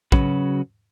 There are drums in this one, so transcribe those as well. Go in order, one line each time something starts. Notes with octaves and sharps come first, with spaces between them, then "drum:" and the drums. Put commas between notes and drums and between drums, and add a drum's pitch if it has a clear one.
C#3 F#3 C#4 F#4 B4, drum: kick